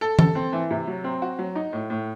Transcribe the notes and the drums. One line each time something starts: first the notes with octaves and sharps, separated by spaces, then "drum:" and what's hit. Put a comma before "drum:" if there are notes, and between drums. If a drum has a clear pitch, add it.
A4
A4, drum: tom E3
C4
E3
C3
F#3
C4
F#4
F#3
D#4
A2
A2